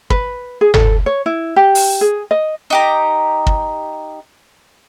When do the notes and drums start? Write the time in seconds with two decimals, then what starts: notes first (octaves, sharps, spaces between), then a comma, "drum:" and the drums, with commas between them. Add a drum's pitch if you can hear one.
0.10 B4, drum: kick
0.61 G#4
0.74 A4, drum: tom G1
1.06 C#5
1.26 E4
1.56 G4
1.75 drum: open hi-hat
2.01 G#4
2.31 D#5
2.70 D#4 G4 A#5
3.47 drum: kick